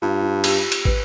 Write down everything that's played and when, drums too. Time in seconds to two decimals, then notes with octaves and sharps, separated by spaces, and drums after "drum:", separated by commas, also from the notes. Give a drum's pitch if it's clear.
0.02 G2 F4
0.23 F4
0.44 G4, drum: cymbal
0.72 drum: cymbal
0.85 B4, drum: kick